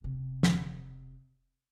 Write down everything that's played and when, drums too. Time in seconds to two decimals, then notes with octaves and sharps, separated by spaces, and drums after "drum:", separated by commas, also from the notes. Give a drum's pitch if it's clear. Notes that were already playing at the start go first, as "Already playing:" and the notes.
0.02 E1 C3
0.43 drum: snare